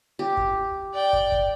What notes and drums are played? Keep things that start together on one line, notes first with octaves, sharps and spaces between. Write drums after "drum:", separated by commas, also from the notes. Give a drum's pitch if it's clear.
G4
drum: kick
D5 G5
drum: kick
drum: kick